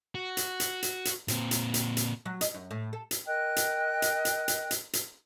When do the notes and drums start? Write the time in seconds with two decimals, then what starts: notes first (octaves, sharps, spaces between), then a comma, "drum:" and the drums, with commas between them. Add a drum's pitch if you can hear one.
0.15 F#4
0.37 drum: hi-hat
0.60 drum: hi-hat
0.83 drum: hi-hat
1.05 drum: hi-hat
1.28 A#2 C4, drum: hi-hat
1.51 drum: hi-hat
1.74 drum: hi-hat
1.97 drum: hi-hat
2.25 F#3
2.41 D#5, drum: hi-hat
2.54 F#2
2.71 A2
2.93 A4
3.11 drum: hi-hat
3.27 A#4 D#5 G5 F#6
3.56 drum: hi-hat
4.02 drum: hi-hat
4.25 drum: hi-hat
4.48 drum: hi-hat
4.71 drum: hi-hat
4.93 drum: hi-hat